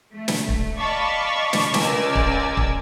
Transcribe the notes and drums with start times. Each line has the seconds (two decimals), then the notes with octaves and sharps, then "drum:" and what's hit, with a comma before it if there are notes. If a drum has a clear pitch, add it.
0.14 A3
0.28 drum: snare
0.49 drum: kick
0.78 D5 D#5 F5 A5 B5 C#6
1.53 drum: snare
1.74 C#2 A#4 D5 G#5 E6, drum: snare
2.15 drum: kick
2.57 drum: kick